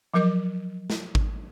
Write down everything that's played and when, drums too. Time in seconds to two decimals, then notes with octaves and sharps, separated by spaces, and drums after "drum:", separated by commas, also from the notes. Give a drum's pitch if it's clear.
0.14 F3 F#3 A#4 D#5 D6
0.90 drum: snare
1.15 drum: kick G#1